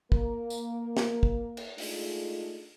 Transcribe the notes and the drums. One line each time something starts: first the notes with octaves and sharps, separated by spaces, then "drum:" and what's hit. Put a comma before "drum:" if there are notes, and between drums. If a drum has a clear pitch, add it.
A#3 A#4, drum: kick
drum: tambourine
drum: snare
drum: kick
drum: cymbal
G#3 A3 D4 D#4 F4 G#4, drum: open hi-hat